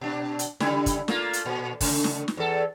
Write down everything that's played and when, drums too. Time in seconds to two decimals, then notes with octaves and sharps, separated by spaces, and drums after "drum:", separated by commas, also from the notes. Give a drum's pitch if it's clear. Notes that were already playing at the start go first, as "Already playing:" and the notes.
0.01 B2 D4
0.39 drum: hi-hat
0.60 C#3 G3 E4, drum: snare
0.86 drum: kick, hi-hat
1.08 A3 A#3 F4, drum: snare
1.33 drum: hi-hat
1.45 A#2
1.81 C#3 A3, drum: kick, open hi-hat
2.04 drum: snare
2.28 drum: snare
2.37 E2 A4